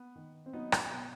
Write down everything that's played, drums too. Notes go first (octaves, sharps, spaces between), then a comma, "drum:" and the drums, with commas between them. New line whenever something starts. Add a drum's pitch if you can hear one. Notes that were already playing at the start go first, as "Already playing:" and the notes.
Already playing: B3
D#3
C4
F#3 B3 D#4
drum: rim click
B2